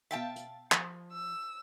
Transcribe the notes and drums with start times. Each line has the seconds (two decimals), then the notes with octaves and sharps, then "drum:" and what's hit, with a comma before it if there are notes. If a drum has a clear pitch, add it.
0.11 B2 E5 F5 G5 A5 A6
0.36 drum: hi-hat
0.72 F3, drum: clap
1.11 E6